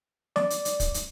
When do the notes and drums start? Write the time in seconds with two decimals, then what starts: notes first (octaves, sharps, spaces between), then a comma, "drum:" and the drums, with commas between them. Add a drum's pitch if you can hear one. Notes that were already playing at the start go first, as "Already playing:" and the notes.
0.36 D5, drum: snare
0.50 drum: hi-hat
0.65 drum: hi-hat
0.80 drum: kick, hi-hat
0.94 drum: hi-hat